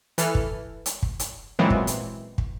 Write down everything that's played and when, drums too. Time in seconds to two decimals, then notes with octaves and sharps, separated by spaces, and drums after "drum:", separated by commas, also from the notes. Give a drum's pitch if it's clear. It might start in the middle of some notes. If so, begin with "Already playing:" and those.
0.18 E3 A4 F6, drum: hi-hat
0.35 drum: kick
0.86 drum: hi-hat
1.03 drum: kick
1.19 drum: hi-hat
1.59 A#2 E3 F#3 G#3 B3 C4
1.70 drum: kick
1.87 drum: hi-hat
2.38 drum: kick